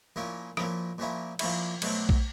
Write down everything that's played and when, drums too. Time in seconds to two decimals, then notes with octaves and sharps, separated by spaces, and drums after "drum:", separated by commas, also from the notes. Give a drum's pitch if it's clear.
0.16 A#2 F3 A#3 C#4 E4
0.57 A#2 F3 A#3 C#4 E4, drum: rim click
0.98 A#2 F3 A#3 C#4 E4
1.39 A#2 F3 A#3 C#4 E4, drum: cymbal
1.82 B2 F#3 A3 C4, drum: cymbal
2.09 drum: kick A#1